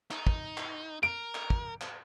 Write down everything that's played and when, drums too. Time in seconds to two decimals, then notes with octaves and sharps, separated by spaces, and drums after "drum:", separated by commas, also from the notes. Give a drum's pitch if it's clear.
0.11 D#4, drum: clap
0.27 drum: kick
0.58 drum: clap
1.03 A#4 D7
1.35 drum: clap
1.50 drum: kick
1.81 drum: clap